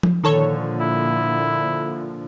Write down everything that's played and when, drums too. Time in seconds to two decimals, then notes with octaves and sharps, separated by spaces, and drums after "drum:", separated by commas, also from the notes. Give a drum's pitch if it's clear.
0.03 drum: tom F3
0.24 A#2 D3 D#3 F3 A4 C#5
0.80 E4